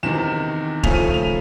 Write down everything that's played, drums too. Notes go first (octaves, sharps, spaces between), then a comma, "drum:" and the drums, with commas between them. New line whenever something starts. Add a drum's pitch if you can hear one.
E2 C3 D#3 E7
C#3 F3 A3 C#4 F7, drum: kick
D#7
D#7
F7